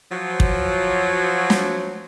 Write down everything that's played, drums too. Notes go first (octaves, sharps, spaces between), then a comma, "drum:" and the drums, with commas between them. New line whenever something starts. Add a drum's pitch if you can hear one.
F3 F#3
drum: kick
drum: snare